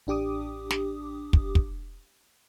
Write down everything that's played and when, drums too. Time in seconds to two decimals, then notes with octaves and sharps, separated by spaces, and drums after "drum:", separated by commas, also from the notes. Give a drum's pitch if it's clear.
0.07 A1 D4 G4 D6 D#6
0.71 drum: snare
1.33 drum: kick
1.55 drum: kick